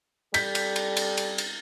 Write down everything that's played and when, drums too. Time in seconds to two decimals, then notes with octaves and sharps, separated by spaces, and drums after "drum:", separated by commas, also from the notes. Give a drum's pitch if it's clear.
0.34 G3 A4 G6 B6, drum: cymbal
0.55 drum: cymbal
0.76 drum: cymbal
0.97 drum: cymbal
1.17 drum: cymbal
1.38 drum: cymbal